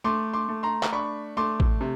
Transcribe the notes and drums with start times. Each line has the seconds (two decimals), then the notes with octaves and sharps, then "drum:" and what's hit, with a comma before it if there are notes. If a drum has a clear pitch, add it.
0.04 A3 C6 D6
0.33 C6 D6
0.49 A3
0.63 A#5 C6
0.83 drum: clap
0.92 D4 B5 C#6
1.37 A3 C6 D6
1.60 drum: kick A1
1.81 C3